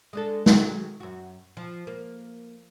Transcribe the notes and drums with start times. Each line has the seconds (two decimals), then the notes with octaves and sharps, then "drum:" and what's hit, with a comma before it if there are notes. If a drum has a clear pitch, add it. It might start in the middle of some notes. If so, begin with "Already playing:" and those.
0.13 G#3 D4 A4
0.46 D#3 F#3 G#3, drum: snare
1.00 F#2 F#4
1.57 F3
1.87 A#3